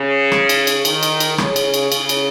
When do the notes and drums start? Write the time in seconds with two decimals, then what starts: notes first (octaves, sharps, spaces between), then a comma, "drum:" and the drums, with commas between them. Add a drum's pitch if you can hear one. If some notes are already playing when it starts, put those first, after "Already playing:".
Already playing: C#3
0.32 drum: rim click
0.49 drum: cymbal
0.67 drum: cymbal
0.85 D#3, drum: cymbal
1.03 drum: cymbal
1.20 drum: cymbal
1.38 C#3, drum: rim click
1.56 drum: cymbal
1.74 drum: cymbal
1.92 C#3, drum: cymbal
2.09 drum: cymbal